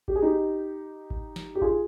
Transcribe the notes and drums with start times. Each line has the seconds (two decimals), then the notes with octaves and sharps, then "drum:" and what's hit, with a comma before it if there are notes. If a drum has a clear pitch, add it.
0.08 G4, drum: kick G#1
0.16 G#4
0.22 D#4 G4
1.10 drum: kick G#1
1.36 drum: snare
1.55 G4
1.62 F4 G#4, drum: kick G#1